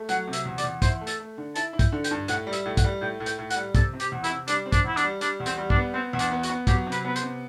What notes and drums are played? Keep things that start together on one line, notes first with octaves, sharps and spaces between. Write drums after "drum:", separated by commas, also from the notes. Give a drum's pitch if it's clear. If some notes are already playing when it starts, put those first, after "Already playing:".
Already playing: A3
F#3 F#5, drum: hi-hat
C3
E5, drum: hi-hat
E2
D5, drum: hi-hat
E2
E4 C5, drum: kick, hi-hat
A3
A4, drum: hi-hat
A3
D3
E4 A5, drum: hi-hat
E4
G5, drum: kick, hi-hat
D3
G5, drum: hi-hat
G2
A2 F#5, drum: hi-hat
G3
E5, drum: hi-hat
A2
F#5, drum: kick, hi-hat
G3
A2 G5
A2
G5, drum: hi-hat
A2
F#5, drum: hi-hat
G3
C3 A4, drum: kick, hi-hat
C3
G4, drum: hi-hat
E2
E4, drum: hi-hat
C3
G3 D4, drum: hi-hat
C4
D4, drum: kick, hi-hat
E2 E4
D4, drum: hi-hat
G3
G3 D4, drum: hi-hat
E2
C4, drum: hi-hat
G3
D4, drum: kick
B3
B3 C4
E2
D4, drum: hi-hat
B3
F#4, drum: hi-hat
B3
F#3 G4, drum: kick, hi-hat
C3
B4, drum: hi-hat
B3 B4
C5, drum: hi-hat
C3